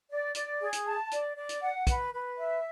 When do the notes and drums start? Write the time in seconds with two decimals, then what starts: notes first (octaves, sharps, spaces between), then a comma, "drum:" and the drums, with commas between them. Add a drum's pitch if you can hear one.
0.09 D5
0.35 D5, drum: hi-hat
0.60 G#4
0.73 drum: hi-hat
0.86 A5
1.11 D5, drum: hi-hat
1.36 D5
1.49 drum: hi-hat
1.62 F#5
1.87 B4, drum: kick, hi-hat
2.13 B4
2.38 E5